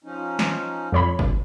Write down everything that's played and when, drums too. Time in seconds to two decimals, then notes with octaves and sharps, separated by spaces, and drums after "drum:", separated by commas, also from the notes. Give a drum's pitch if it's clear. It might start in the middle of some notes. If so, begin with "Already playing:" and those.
0.04 F3 C#4 D#4
0.39 drum: snare
0.92 F2 C#5 B5
1.19 drum: kick G1